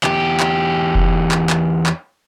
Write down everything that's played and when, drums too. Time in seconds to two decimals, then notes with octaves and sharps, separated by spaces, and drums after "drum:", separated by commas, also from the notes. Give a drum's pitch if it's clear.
0.04 E2 G4, drum: clap
0.40 drum: clap
0.95 drum: kick F1
1.31 drum: clap
1.50 drum: clap
1.86 drum: clap